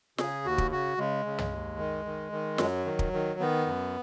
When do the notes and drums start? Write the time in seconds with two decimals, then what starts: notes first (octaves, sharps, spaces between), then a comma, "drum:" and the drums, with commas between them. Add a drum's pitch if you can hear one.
0.18 C#3 G#4, drum: snare
0.45 D#2 F#4
0.58 drum: kick
0.71 C#3 F#4
0.98 C#3 G#3
1.26 C#3
1.38 drum: tom
1.51 D#2
1.79 D#3
2.05 D#3
2.32 D#3
2.58 F#2 F#3, drum: snare
2.85 D#3
2.99 drum: kick
3.13 D#3
3.40 D#3 B3
3.66 F#2